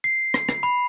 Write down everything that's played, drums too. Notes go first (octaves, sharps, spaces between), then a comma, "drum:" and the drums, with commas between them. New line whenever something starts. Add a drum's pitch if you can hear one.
C7
drum: rim click
drum: rim click
B5